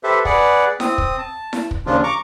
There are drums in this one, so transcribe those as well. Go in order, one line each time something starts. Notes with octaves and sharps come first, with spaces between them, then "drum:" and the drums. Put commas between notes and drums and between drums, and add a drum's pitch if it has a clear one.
G4 A4 B4 C5 E5
G#4 B4 D5 F#5, drum: kick
C4 D#6, drum: snare E4
drum: kick
A5
drum: snare E4
drum: kick
D#2 C#3 F3 D4 F4
A#5 C#6 D6